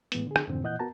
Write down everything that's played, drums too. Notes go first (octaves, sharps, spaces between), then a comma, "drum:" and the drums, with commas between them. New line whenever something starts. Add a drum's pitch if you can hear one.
A2 E3 G#3 B3, drum: hi-hat
D3 G#4
drum: rim click
F2 G#2 B2 D3 E3 C4
A#2 E3 D#5 F#5 F#6 G6
B3 F#4 A#4 A5 A#5